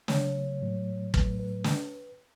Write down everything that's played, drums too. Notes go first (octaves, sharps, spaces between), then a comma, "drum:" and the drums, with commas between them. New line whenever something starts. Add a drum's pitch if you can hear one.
C#3 F#3 A3 C#5, drum: snare
A2 F#3 A3
A2 F#3 A3 B4, drum: kick
B4
drum: snare